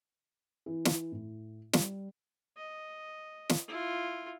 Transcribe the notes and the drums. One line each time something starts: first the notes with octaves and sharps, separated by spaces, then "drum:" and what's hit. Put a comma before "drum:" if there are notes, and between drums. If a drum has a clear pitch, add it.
E3
drum: snare
A2
G3, drum: snare
D#5
drum: snare
E4 F4